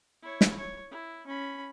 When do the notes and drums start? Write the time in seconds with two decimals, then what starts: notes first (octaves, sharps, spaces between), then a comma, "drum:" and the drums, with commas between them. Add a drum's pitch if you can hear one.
0.23 E4 C#5
0.41 drum: snare
0.57 C#5
0.91 E4
1.27 C#4 B5